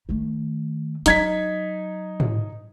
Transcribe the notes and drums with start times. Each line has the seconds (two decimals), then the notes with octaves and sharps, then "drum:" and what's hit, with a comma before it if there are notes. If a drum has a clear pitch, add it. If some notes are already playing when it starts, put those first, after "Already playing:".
0.09 D#3 A3
1.06 F#3 D#4 G#6 B6, drum: hi-hat
2.20 drum: tom